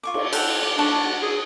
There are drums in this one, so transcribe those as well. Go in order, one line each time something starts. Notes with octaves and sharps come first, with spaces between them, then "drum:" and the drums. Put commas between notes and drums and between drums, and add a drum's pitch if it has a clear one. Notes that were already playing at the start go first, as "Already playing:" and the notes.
F4 C#6 D6
drum: cymbal
A4 F#5 G5, drum: cymbal
D5
D4 A5 C#6 D6
F#4
G#4